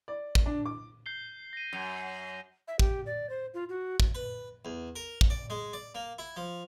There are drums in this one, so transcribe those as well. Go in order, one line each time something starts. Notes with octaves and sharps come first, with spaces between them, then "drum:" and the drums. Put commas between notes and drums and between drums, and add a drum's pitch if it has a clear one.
D5
drum: kick
D4
D6
G6 C7 G7
A#6 D#7
F#2
E5
G4, drum: kick
D5
C5
F4
F#4
drum: kick
B4
E2
A#4
drum: kick
D5
G#3
D5
A#3
E4
F3